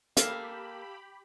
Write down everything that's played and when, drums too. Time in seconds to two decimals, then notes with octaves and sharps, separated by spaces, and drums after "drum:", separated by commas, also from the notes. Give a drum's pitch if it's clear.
0.17 A#3 G4 A4 F5 B5, drum: hi-hat